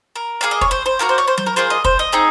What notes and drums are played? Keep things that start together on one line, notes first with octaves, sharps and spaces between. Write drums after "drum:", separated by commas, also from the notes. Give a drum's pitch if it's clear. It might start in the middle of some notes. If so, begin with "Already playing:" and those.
A#4
A#3 D#4 G#4 F5
D#5
C#5, drum: kick
C5
C5
A#3 D#4 F#4 A#4
C5
C#5
C5
C5, drum: tom F#3
A#4
A#3 F4 G#4 C5
D#5
C5, drum: kick
D#5
C4 D#4 G#4